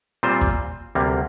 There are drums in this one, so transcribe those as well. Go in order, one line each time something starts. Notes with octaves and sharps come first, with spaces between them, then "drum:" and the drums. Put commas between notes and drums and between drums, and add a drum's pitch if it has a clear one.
A#2 G3 C4 F4 C5
drum: kick
D2 C3 G3 A#3